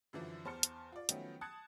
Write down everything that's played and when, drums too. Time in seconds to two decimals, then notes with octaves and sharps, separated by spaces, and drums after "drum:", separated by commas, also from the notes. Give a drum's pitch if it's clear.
0.13 F#2 D3 E3 F3
0.45 E2 C5 A5 C6 F6 C#7
0.63 drum: hi-hat
0.92 F4 D5
1.09 D#3 F3 F#3 A3 B3 C#4, drum: hi-hat
1.41 A5 D#6 F#6 G#6 A6 C#7